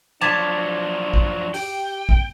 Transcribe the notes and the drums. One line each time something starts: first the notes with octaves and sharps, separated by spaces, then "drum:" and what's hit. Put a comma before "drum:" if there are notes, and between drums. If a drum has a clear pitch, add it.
F3 F#3 D4 A5 D6 G#6 B6
drum: kick
G4 G5, drum: open hi-hat
drum: kick